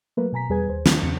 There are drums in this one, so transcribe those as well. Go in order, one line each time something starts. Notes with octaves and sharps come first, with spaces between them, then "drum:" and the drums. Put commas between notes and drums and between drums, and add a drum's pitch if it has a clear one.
F#3 A3 A#3 A#4 B4
B2 G#5 A#5 B6
E2 G3 G#4 B4 G#5 G#6
D#2 C5
D#3 A3, drum: snare
E2 C#3 C4 C#7